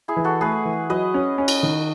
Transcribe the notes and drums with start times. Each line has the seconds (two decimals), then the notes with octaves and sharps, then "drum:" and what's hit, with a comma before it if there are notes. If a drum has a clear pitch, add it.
0.08 E4 G#4
0.17 E3
0.24 F#4 A4
0.41 A3 G#4 B4
0.65 E3
0.90 F#3 B4 D#5
1.14 C#4
1.38 C#4
1.48 drum: cymbal
1.63 D#3